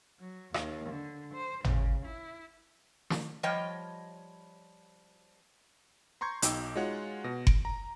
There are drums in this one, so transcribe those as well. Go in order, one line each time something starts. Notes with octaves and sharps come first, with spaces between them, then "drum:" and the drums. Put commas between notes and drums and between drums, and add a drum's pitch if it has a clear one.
F#3
D#2, drum: rim click
D3
C5
C#3, drum: tom G#1
E4
drum: snare
F3 G3 C#5 D#5 G5
A#5 C6 C#6 G6 G#6
B1 D#4 G5 D6 E6, drum: hi-hat
G#3 D#4 F4 F#4 C#5 F#5
B2 A#6
D7, drum: kick F#1
A#5